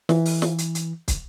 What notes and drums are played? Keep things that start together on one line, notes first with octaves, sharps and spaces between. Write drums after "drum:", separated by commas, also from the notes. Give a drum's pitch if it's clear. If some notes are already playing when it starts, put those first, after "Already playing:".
E3, drum: snare
drum: open hi-hat
drum: snare
drum: hi-hat
drum: hi-hat
drum: kick, hi-hat